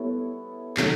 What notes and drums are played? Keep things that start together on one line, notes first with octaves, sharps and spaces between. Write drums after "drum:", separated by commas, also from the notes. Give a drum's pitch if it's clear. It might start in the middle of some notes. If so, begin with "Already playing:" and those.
Already playing: G3 B3 E4 A4 C#5
C3 D#3 F#3 A3, drum: clap